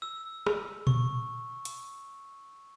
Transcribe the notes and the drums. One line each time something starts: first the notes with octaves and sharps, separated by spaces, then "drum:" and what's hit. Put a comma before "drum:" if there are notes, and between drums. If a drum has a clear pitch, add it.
E6
drum: rim click
C#6, drum: tom A#2
drum: hi-hat